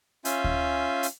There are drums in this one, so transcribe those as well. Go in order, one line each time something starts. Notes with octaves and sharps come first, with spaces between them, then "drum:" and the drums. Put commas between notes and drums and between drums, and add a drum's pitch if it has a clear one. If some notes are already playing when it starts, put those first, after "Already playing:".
C#4 F4 E5 F5 G#5 G6, drum: hi-hat
drum: kick D2
drum: hi-hat